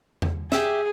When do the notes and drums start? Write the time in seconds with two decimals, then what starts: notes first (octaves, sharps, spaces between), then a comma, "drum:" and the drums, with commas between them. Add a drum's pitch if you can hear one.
0.22 drum: tom E2
0.52 G4 G#4 E5, drum: snare